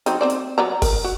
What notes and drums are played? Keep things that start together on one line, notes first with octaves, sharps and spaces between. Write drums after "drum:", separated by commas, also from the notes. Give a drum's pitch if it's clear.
F#3 C4 D#4, drum: hi-hat
C4 C5 D5
drum: hi-hat
F#3 D5 A#5
A#4, drum: kick F#1, open hi-hat
F#4